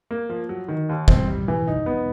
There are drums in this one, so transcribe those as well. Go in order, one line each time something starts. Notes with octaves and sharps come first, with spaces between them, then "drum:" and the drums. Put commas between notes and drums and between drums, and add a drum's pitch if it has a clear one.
A#3
F3
F#3
D#3
D#2
C4, drum: kick
G3
E3
D#4
B3